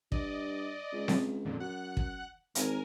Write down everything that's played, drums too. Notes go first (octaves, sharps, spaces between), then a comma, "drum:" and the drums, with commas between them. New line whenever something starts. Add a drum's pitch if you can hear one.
G2 D5 D#5, drum: kick
C#2
drum: snare C4
F2 A#2 D3
F#2 F#5 F#6
drum: kick
G#1 A#4 G#5, drum: hi-hat